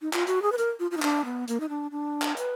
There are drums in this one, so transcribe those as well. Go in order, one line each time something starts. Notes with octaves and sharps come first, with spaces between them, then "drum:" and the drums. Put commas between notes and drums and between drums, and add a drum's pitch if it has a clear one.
D#4
F4, drum: clap
F#4, drum: hi-hat
G#4
B4
A#4, drum: hi-hat
F4
F4
D#4
D4, drum: clap
B3
A#3, drum: hi-hat
D#4
D4
D4
drum: clap
B4, drum: hi-hat